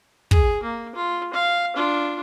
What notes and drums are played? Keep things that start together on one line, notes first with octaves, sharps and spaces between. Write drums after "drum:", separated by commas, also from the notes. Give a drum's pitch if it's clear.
G#4, drum: kick
A#3
F4
F5
D4 F4